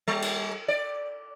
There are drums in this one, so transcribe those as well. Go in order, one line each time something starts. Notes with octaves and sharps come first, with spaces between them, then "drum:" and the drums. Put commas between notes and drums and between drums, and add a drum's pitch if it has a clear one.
G3
drum: cymbal
D5